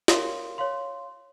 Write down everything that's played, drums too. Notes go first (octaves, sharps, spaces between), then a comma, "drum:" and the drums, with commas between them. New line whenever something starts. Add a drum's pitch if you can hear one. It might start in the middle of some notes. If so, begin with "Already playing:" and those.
A#4 C#5 F5 C6, drum: snare
C#5 F5 C6